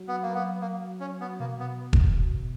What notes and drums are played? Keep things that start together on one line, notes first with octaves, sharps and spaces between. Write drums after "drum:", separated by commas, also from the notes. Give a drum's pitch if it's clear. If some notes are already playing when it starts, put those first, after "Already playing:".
Already playing: F#3
B3
A#3
B3
A#3
C#4
B3
B2 A#3
B3
drum: kick E1